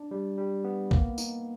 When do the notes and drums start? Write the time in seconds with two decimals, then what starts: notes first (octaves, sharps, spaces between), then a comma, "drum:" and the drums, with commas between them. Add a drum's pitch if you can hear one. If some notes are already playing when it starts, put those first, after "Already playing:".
Already playing: D4
0.11 G3
0.38 G3
0.64 B3
0.91 A#3, drum: kick
1.18 D#4, drum: tambourine